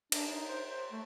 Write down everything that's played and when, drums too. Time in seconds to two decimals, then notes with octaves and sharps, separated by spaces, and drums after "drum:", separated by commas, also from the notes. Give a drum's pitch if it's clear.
0.12 D4, drum: cymbal
0.27 D#4
0.48 C5
0.69 C5
0.92 A3